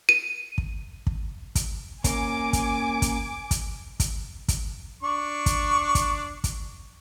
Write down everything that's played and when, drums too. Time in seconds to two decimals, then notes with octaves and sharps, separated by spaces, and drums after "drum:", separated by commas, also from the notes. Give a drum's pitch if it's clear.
0.09 D#7
0.58 drum: kick
1.07 drum: kick
1.55 drum: kick, hi-hat
2.04 A#3 C#4 G#5 D6, drum: kick, hi-hat
2.53 drum: kick, hi-hat
3.02 drum: kick, hi-hat
3.51 drum: kick, hi-hat
4.00 drum: kick, hi-hat
4.48 drum: kick, hi-hat
5.03 D4 C#6
5.46 drum: kick, hi-hat
5.95 drum: kick, hi-hat
6.44 drum: kick, hi-hat